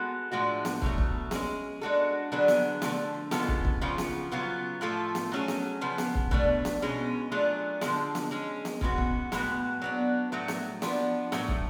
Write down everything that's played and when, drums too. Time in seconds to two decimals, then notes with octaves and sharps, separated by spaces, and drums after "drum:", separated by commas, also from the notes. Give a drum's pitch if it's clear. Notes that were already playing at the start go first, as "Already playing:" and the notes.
Already playing: G#3 B3 F#4 A4
0.32 A2 F3 G#3 D4 F#4
0.65 drum: snare B3
0.82 B2 F#3 A3, drum: kick
0.98 drum: kick
1.31 G#3 C#4 G#4, drum: snare B3
1.81 G#3 D4 F#4 A4
2.32 D3 F#3 B3 D4 G#4
2.48 drum: snare B3
2.82 D3 F3 A3, drum: snare B3
3.31 C#3 G#3 B3 F4 A4, drum: snare B3
3.48 drum: kick
3.65 drum: kick
3.81 C#3 F3 B3 F4
3.98 drum: snare B3
4.32 C#3 F#3 B3 F4
4.81 A2 F3 A3 F4 A4
5.15 drum: snare B3
5.32 F#3 A3 C#4 G#4
5.48 drum: snare B3
5.81 C#3 F3 B3
5.98 drum: snare B3
6.15 drum: kick
6.31 B2 A3 D4, drum: kick
6.65 drum: snare B3
6.82 B2 G#3 C#4 G#4
7.32 F#3 A3 D4 F4 G#4
7.81 D3 F3 G#3, drum: snare B3
8.15 drum: snare B3
8.31 G#3 C#4 G#4
8.65 drum: snare B3
8.81 C#3 G#3 B3 F#4, drum: kick
8.98 drum: kick
9.32 A2 G#3 B3 F#4, drum: snare B3
9.82 F#3 B3 D4
10.32 A2 F#3 A3
10.48 drum: snare B3
10.82 F3 B3 D4, drum: snare B3
11.32 A2 F#3 A3, drum: snare B3
11.48 drum: kick